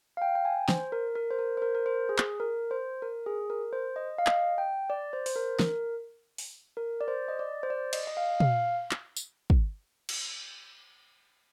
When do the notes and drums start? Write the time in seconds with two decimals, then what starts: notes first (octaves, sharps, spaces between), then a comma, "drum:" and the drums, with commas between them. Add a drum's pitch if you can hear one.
0.17 F5
0.22 G5
0.35 G5
0.45 G#5
0.69 C5, drum: snare
0.92 A#4
1.15 A#4
1.31 C5
1.39 A#4
1.57 C5
1.62 A#4
1.75 A#4
1.86 C5
2.09 G#4
2.18 drum: clap
2.40 A#4
2.71 C5
3.02 A#4
3.26 G#4
3.50 A#4
3.73 C5
3.96 D#5
4.18 F5
4.27 D#5, drum: clap
4.58 G5
4.90 D5
5.13 C5
5.26 C5, drum: open hi-hat
5.36 A#4
5.59 A#4, drum: snare
6.38 drum: open hi-hat
6.77 A#4
7.01 D5
7.08 C5
7.28 D#5
7.39 D5
7.63 C5
7.70 D5
7.93 D#5, drum: cymbal
8.07 D#5
8.17 F5
8.40 F5, drum: tom
8.91 drum: clap
9.17 drum: tambourine
9.50 drum: kick
10.09 drum: cymbal